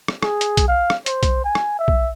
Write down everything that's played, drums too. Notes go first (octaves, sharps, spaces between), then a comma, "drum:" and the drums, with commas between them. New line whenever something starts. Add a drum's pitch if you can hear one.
drum: rim click
G#4, drum: rim click
drum: hi-hat
drum: kick, hi-hat
F5
drum: rim click
C5, drum: hi-hat
drum: kick, hi-hat
G#5
drum: rim click
E5
drum: kick